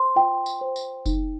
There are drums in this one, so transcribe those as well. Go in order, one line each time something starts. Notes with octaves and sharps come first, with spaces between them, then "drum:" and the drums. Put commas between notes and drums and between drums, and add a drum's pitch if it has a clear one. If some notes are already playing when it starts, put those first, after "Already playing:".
Already playing: C5 C6
F4 G5
drum: tambourine
C5
drum: tambourine
D#4, drum: kick F#1, tambourine